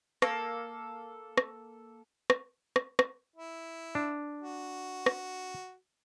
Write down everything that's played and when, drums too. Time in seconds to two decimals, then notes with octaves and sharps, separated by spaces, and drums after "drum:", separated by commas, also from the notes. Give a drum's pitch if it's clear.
0.22 A#3 A4, drum: rim click
1.37 drum: rim click
2.30 drum: rim click
2.76 drum: rim click
2.99 drum: rim click
3.36 E4
3.95 D4
4.42 F#4
5.06 drum: rim click